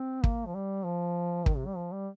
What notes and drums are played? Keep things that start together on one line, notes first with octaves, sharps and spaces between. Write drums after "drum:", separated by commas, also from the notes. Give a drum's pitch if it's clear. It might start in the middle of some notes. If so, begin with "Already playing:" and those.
Already playing: C4
A#3, drum: kick
F3
G3
F3
D#3, drum: kick
C3
G3
F3
G3